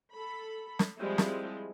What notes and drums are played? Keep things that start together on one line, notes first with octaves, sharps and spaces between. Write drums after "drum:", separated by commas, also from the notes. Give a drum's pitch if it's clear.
A4 B5
drum: snare
F3 G3 G#3 C4 E4 G#4
drum: snare